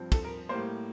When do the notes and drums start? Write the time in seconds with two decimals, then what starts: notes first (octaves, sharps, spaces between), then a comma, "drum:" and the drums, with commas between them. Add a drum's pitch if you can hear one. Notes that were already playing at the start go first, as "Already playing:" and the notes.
Already playing: G2 F3 C4
0.12 A4, drum: kick, cymbal
0.24 A#4
0.49 A2 G3 A#3 C5